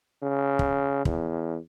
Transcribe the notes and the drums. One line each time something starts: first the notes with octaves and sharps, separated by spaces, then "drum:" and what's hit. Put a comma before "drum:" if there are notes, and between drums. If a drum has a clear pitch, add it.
C#3
drum: kick
E2, drum: kick